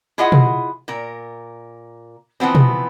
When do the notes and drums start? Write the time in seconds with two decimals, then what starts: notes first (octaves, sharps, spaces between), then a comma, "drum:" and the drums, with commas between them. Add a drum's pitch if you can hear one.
0.18 E4 F4 G#4 D#5 E5 F#5
0.32 drum: tom B2
0.88 A#2 A#4
2.40 E3 F3 B3 C4
2.55 drum: tom B2